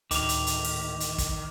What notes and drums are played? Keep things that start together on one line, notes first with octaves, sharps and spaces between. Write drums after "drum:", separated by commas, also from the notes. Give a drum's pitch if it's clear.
A1 D2 G#2 D#3 D6 F7, drum: hi-hat
drum: hi-hat
drum: hi-hat
drum: open hi-hat
drum: hi-hat
drum: kick, hi-hat